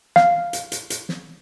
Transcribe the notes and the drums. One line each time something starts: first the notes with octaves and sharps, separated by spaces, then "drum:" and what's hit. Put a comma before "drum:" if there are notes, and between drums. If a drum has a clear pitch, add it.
F5, drum: snare
drum: hi-hat
drum: hi-hat
drum: hi-hat
drum: snare